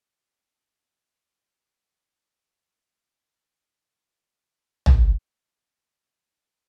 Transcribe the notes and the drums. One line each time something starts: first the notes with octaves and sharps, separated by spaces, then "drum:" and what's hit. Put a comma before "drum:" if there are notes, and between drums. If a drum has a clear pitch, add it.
C#4
C4 D4
B3
A#3
B3
drum: tom
C4
B3
A#3
B3